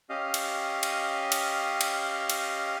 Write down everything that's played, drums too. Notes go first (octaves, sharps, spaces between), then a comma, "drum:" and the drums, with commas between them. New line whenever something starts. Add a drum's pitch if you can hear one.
C#4 G4 D#5 F5
drum: cymbal
drum: cymbal
drum: cymbal
drum: cymbal
drum: cymbal